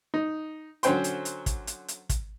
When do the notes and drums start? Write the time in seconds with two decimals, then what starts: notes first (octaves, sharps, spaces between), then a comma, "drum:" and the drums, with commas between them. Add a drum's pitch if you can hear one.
0.14 D#4
0.83 D3 F#3 C#4 C5 G5 C6, drum: hi-hat
1.04 drum: hi-hat
1.25 drum: hi-hat
1.46 drum: kick, hi-hat
1.67 drum: hi-hat
1.88 drum: hi-hat
2.09 drum: kick, hi-hat